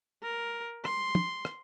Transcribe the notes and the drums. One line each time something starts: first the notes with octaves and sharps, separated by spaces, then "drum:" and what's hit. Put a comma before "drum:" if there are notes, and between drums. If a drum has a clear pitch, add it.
A#4
C6, drum: rim click
drum: tom
drum: rim click